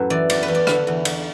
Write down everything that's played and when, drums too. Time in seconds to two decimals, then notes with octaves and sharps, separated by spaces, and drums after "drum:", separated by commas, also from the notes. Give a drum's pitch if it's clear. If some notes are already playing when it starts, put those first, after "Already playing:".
Already playing: F#2 A2 F#4 A4 B4
0.10 E3 D5
0.30 E2 D5, drum: cymbal
0.43 B4
0.48 E2
0.55 D5
0.67 D3 B4, drum: rim click
0.87 E2
1.05 E2, drum: cymbal